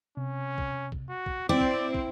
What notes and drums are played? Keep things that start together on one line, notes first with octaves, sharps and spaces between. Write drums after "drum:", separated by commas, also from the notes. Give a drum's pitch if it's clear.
C3 C#4
drum: kick
drum: kick
F#4
drum: kick
C4 E4 C5 D5 G5 D6
drum: kick
drum: kick